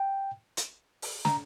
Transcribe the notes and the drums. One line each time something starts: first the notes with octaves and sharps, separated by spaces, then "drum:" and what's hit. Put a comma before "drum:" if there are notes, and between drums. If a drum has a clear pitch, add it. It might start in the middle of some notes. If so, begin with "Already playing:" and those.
Already playing: G5
drum: hi-hat
drum: open hi-hat
A#5, drum: snare